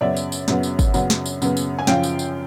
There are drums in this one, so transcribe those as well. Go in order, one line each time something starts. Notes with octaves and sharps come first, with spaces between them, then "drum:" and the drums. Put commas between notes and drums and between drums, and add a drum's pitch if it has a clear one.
F#2 C#3 F#3 B3 D5 E5
drum: tambourine
drum: tambourine
F#2 C#3 F#3 B3, drum: snare
drum: tambourine
drum: kick, tambourine
F#2 C#3 F#3 B3, drum: tambourine
drum: snare
drum: tambourine
F#2 C#3 F#3 B3, drum: tambourine
drum: tambourine
G#5
F#2 C#3 F3 F5 G5, drum: snare
drum: tambourine
drum: tambourine